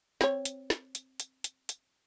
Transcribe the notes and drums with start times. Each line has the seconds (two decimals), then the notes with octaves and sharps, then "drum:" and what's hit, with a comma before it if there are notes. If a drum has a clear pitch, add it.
0.21 C4 C#5, drum: snare
0.45 drum: hi-hat
0.70 drum: snare
0.95 drum: hi-hat
1.20 drum: hi-hat
1.44 drum: hi-hat
1.69 drum: hi-hat